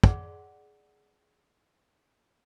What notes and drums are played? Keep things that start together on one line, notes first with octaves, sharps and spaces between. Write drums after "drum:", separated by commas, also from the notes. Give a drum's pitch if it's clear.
G#4 D5 F#5, drum: kick